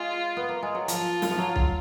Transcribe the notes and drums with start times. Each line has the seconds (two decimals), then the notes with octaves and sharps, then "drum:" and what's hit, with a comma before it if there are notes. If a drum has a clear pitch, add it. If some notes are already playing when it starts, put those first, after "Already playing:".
Already playing: G#3 F4
0.37 B3
0.49 A#3
0.63 G#3
0.75 F#3
0.88 F3 F4, drum: hi-hat
1.22 drum: snare
1.31 F3
1.38 F#3
1.56 drum: kick B1